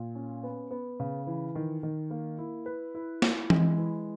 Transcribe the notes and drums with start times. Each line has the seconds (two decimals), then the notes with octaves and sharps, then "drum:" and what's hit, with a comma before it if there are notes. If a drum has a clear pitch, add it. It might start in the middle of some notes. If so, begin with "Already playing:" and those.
Already playing: A#2
0.15 C#4
0.43 B3
0.71 B3
1.00 C#3
1.27 E3
1.55 D#3
1.83 D#3
2.11 A#3
2.38 E4
2.66 B4
2.95 E4
3.22 E4, drum: snare
3.50 G#3, drum: tom E3
3.78 E3